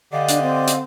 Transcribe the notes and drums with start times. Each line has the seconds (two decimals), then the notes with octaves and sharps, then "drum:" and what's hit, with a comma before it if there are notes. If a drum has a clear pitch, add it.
0.13 D3 G4 D5 D#5 F5
0.28 D4, drum: hi-hat
0.42 C4
0.67 drum: hi-hat